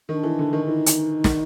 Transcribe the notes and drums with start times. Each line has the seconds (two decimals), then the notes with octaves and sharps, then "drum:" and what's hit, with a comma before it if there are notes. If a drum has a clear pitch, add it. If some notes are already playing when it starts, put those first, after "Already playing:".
0.09 D#3 D4
0.23 E3
0.39 D3
0.53 D#3
0.67 E3 D#4
0.86 drum: hi-hat
1.24 D#3, drum: snare